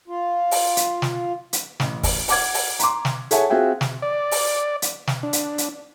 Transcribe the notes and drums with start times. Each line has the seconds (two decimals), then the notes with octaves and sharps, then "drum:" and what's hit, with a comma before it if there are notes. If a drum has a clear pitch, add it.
0.08 F4
0.51 drum: open hi-hat
0.77 drum: hi-hat
1.02 drum: snare
1.53 drum: hi-hat
1.80 A1, drum: snare
2.03 drum: kick, open hi-hat
2.28 F#5 D6 G#6, drum: open hi-hat
2.54 drum: open hi-hat
2.79 A#5 C6 D6, drum: hi-hat
3.05 drum: snare
3.31 G#4 A4 C#5 E5 F#5 G#5, drum: hi-hat
3.50 C4 F4 F#4 G#4 E5 G5
3.81 drum: snare
4.02 D5
4.31 drum: open hi-hat
4.82 drum: hi-hat
5.07 drum: snare
5.23 D4
5.33 drum: hi-hat
5.58 drum: hi-hat